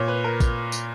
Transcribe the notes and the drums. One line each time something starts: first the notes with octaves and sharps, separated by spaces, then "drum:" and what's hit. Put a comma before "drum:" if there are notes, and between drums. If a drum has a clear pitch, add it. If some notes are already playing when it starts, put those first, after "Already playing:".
Already playing: A#2 C#5
B4
A#4
drum: kick, tambourine
drum: tambourine